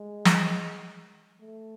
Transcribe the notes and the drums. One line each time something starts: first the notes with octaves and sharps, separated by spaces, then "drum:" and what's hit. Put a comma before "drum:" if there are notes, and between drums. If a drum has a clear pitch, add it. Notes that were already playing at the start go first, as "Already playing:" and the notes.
Already playing: G#3
drum: snare
A3